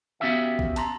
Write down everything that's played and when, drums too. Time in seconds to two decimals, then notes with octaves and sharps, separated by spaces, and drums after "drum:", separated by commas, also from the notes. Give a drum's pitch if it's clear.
0.20 B3 C#4 F#4 G4 E5 F5
0.59 drum: kick A#1
0.76 A5 A#5 C6, drum: hi-hat